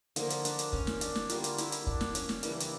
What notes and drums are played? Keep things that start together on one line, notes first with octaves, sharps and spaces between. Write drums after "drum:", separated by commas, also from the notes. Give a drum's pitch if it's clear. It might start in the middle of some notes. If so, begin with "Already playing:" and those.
D3 F3 A#3 F4, drum: hi-hat
drum: hi-hat
D4, drum: hi-hat
drum: hi-hat
C#4, drum: kick
drum: snare
D4, drum: hi-hat
drum: snare
D3 G3 A#3 F4, drum: hi-hat
drum: hi-hat
E4, drum: hi-hat
drum: hi-hat
D4, drum: kick
drum: snare
C#4, drum: hi-hat
drum: snare
C#3 E3 G3 A#3 D4, drum: hi-hat
E4
D4, drum: hi-hat